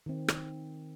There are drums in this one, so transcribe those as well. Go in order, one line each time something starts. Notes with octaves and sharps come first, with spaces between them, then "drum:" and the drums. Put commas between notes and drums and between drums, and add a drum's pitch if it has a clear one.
D#3 C4
drum: rim click